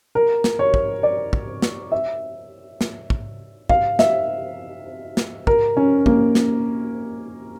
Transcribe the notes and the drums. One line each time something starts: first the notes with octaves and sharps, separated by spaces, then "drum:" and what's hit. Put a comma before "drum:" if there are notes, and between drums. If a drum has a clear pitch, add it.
A#4
drum: snare
C#5
drum: kick
D5
drum: kick
drum: snare
E5
drum: snare
drum: kick
F5, drum: kick
E5, drum: snare
drum: snare
A#4, drum: kick
C#4
A#3, drum: kick
drum: snare